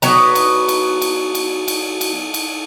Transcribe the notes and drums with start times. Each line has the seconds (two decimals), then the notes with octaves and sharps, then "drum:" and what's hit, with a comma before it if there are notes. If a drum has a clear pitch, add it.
0.02 F#3 B3 A#5, drum: cymbal
0.35 drum: cymbal
0.68 drum: cymbal
1.02 drum: cymbal
1.35 drum: cymbal
1.68 drum: cymbal
2.01 drum: cymbal
2.34 drum: cymbal